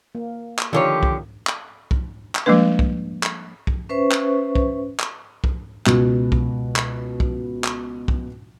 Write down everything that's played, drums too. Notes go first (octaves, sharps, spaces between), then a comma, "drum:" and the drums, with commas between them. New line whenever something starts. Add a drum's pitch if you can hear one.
A#3
drum: clap
D3 D#3 F3 F4 G4 A#4 C#5
drum: kick
drum: clap
drum: kick
drum: clap
F3 G3 G#3 A#3 D4 B4
drum: kick
drum: clap
drum: kick
C#4 B4 C5 E5 C#6
drum: clap
drum: kick
drum: clap
drum: kick
C#2 B2 F#4, drum: clap
drum: kick
drum: clap
drum: kick
drum: clap
drum: kick